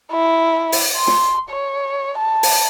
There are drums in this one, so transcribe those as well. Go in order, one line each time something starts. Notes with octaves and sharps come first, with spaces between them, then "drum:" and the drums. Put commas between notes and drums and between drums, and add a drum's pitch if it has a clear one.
E4
drum: open hi-hat
C6
drum: snare
C#5
A5
drum: open hi-hat